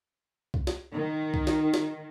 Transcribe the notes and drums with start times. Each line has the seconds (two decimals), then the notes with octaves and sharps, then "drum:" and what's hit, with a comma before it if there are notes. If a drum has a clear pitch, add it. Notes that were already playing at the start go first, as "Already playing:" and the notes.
0.54 drum: kick C2
0.67 drum: snare
0.94 D#3
1.34 drum: kick C2
1.47 drum: snare
1.74 drum: snare